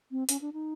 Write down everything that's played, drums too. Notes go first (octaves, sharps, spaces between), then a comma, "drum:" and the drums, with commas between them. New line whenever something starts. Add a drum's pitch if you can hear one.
C4
C#4, drum: hi-hat
D4
D#4